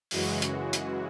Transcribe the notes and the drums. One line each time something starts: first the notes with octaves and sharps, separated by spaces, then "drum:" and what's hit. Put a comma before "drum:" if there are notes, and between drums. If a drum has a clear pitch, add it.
F#2 C#3 E3 G#3 F#4, drum: open hi-hat
drum: hi-hat
drum: hi-hat